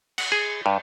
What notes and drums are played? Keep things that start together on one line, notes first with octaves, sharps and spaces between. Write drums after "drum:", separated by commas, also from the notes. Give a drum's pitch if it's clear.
F#5, drum: cymbal
G#4
G2